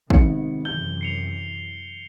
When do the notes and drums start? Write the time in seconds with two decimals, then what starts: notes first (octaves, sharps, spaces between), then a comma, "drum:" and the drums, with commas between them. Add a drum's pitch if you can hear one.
0.10 G#1 C3 D#3 B3 C#7, drum: kick
0.65 F#2 C3 E3 G6 G7
1.01 C7 C#7 F7